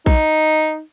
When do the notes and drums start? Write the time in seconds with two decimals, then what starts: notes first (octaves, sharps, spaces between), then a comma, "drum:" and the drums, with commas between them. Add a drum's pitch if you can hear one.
0.06 D#4, drum: kick A#1